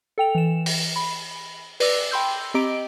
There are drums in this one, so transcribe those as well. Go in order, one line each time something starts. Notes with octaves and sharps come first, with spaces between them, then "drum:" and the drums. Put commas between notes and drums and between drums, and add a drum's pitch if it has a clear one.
A4 G5 F7
E3 E7
drum: open hi-hat
B5
B4 D5 D6 E6, drum: open hi-hat
G5 B5 C6 E6 G6
C4 G4 D#5 A#5 D6 D7